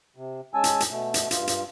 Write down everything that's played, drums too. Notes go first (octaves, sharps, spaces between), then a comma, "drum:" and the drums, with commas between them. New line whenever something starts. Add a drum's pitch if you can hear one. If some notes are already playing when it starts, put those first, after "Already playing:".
C3
G#3 C#4 G#5 A5 E6
drum: hi-hat
drum: hi-hat
B2 A3
drum: hi-hat
G2 F4, drum: hi-hat
drum: hi-hat